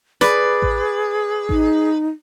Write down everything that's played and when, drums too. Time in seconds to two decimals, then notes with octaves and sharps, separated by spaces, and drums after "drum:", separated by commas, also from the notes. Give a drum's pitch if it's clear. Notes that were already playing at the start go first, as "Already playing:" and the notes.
0.21 G#4 B4 D5, drum: snare
0.62 drum: kick A1
1.49 D#4, drum: kick A1